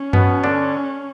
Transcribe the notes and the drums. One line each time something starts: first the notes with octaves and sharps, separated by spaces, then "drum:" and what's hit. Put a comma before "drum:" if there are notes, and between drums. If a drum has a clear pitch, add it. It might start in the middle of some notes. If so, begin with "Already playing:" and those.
Already playing: C#4
B2 B3, drum: tom G2
D3 D4